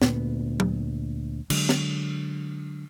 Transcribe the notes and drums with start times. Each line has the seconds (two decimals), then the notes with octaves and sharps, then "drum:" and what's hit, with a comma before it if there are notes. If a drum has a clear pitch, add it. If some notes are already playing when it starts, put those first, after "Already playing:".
0.02 D2 A#2 B3, drum: snare
0.60 drum: tom
1.50 D3 F#3 G#3, drum: cymbal
1.69 drum: snare